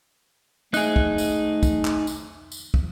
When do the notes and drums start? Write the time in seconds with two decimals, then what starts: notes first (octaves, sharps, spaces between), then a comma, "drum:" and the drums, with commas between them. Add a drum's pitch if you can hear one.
0.74 A3 D#4 G#4 F#6, drum: tambourine
0.96 drum: kick
1.18 drum: tambourine
1.63 drum: kick, tambourine
1.85 drum: clap
2.07 drum: tambourine
2.52 drum: tambourine
2.74 drum: kick